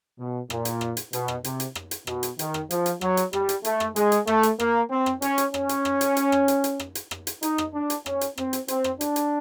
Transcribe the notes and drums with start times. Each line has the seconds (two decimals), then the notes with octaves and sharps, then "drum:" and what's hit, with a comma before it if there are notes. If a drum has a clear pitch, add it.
0.18 B2
0.50 A#2, drum: rim click
0.65 drum: hi-hat
0.81 drum: rim click
0.97 drum: hi-hat
1.13 B2, drum: hi-hat
1.28 drum: rim click
1.44 C3, drum: hi-hat
1.60 drum: hi-hat
1.75 drum: rim click
1.91 drum: hi-hat
2.07 B2, drum: rim click
2.23 drum: hi-hat
2.39 D#3, drum: hi-hat
2.54 drum: rim click
2.71 F3, drum: hi-hat
2.86 drum: hi-hat
3.01 F#3, drum: rim click
3.17 drum: hi-hat
3.33 G3, drum: rim click
3.49 drum: hi-hat
3.65 A3, drum: hi-hat
3.80 drum: rim click
3.96 G#3, drum: hi-hat
4.12 drum: hi-hat
4.27 A3, drum: rim click
4.43 drum: hi-hat
4.60 A#3, drum: rim click
4.90 C4
5.06 drum: rim click
5.22 C#4, drum: hi-hat
5.38 drum: hi-hat
5.54 C#4, drum: rim click
5.69 drum: hi-hat
5.85 drum: rim click
6.01 drum: hi-hat
6.17 drum: hi-hat
6.32 drum: rim click
6.48 drum: hi-hat
6.64 drum: hi-hat
6.80 drum: rim click
6.95 drum: hi-hat
7.11 drum: rim click
7.27 drum: hi-hat
7.43 D#4, drum: hi-hat
7.58 drum: rim click
7.74 D4
7.90 drum: hi-hat
8.06 C#4, drum: rim click
8.21 drum: hi-hat
8.38 C4, drum: rim click
8.53 drum: hi-hat
8.68 C4, drum: hi-hat
8.84 drum: rim click
9.01 D4, drum: hi-hat
9.16 drum: hi-hat